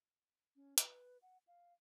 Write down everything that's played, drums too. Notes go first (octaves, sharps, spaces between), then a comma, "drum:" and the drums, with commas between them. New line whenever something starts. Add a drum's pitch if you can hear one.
C#4
B4, drum: hi-hat
F#5
F5